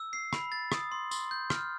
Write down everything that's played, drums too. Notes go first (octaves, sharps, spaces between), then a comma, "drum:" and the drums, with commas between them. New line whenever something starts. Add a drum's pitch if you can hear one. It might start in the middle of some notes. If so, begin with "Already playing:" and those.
Already playing: E6
C7
B5, drum: rim click
A6
D#6, drum: rim click
C6
C6, drum: tambourine
G6
F6, drum: rim click